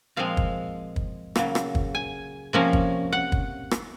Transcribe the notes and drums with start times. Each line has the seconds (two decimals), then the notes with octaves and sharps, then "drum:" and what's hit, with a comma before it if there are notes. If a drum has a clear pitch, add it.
0.16 A#2 F3 G#3 C4 F5
0.37 drum: kick
0.96 drum: kick
1.36 C#3 F#3 A#3, drum: rim click
1.55 drum: rim click
1.75 drum: kick
1.95 G#5
2.53 C3 F3 A#3 C#4
2.73 drum: kick
3.13 F#5
3.32 drum: kick
3.71 drum: rim click